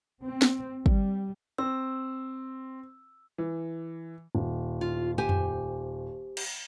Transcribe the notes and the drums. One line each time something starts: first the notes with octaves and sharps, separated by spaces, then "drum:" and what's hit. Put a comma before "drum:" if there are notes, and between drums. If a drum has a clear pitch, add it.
C4
drum: snare
G3, drum: kick
C4 E6
E3
D#1
F4
G4 C5 G#5
drum: tom F2
drum: cymbal